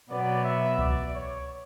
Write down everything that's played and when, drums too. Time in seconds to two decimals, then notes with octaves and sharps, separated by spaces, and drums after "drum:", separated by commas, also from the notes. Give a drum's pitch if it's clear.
0.10 B2 F#3 B3 D5
0.44 E5
0.79 D5, drum: kick C2
1.13 C#5